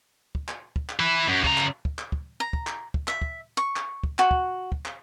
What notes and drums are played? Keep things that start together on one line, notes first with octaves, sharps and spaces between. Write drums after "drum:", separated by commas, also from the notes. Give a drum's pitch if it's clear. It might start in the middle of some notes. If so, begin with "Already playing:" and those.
drum: kick
drum: clap
drum: kick
drum: clap
B4 E5
F#2
C#3 A#5, drum: kick
drum: clap
drum: kick
drum: clap
drum: kick
A#5
drum: kick
drum: clap
drum: kick
E5, drum: clap
drum: kick
C#6
drum: clap
drum: kick
F#4, drum: clap
drum: kick
drum: kick
drum: clap